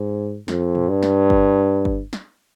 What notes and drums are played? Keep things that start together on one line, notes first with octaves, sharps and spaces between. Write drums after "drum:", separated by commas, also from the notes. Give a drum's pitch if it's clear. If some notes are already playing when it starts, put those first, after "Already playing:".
Already playing: G#2
F2, drum: snare
drum: tom
G2
drum: snare
drum: kick G1
drum: kick G1
drum: snare